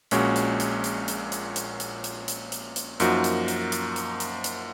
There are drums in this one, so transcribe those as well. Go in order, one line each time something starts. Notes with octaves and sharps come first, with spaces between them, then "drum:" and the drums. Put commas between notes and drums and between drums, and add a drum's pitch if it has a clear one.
A#1 A#2 G#3 C#4 F#4, drum: hi-hat
drum: hi-hat
drum: hi-hat
drum: hi-hat
drum: hi-hat
drum: hi-hat
drum: hi-hat
drum: hi-hat
drum: hi-hat
drum: hi-hat
drum: hi-hat
drum: hi-hat
F#2 F3 A#3 D#4 F#4, drum: hi-hat
drum: hi-hat
drum: hi-hat
drum: hi-hat
drum: hi-hat
drum: hi-hat
drum: hi-hat